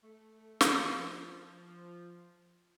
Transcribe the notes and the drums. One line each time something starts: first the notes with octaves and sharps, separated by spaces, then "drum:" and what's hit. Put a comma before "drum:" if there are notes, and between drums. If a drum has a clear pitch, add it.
A3
drum: snare
F3